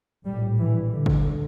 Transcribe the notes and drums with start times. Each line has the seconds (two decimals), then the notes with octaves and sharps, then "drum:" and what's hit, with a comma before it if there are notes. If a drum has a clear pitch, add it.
0.25 A#1 A2 G3
0.59 E3
0.92 D3
1.06 drum: kick